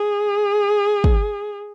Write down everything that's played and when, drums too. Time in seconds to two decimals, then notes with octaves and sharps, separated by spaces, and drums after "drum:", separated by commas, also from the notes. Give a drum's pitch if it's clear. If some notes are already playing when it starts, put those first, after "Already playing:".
Already playing: G#4
1.04 drum: kick